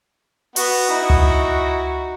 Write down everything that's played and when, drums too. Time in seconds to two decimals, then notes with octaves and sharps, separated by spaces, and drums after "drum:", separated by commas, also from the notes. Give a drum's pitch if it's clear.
0.56 B3 F#4 F#5, drum: open hi-hat
0.89 D#4 E4
1.10 drum: tom C#2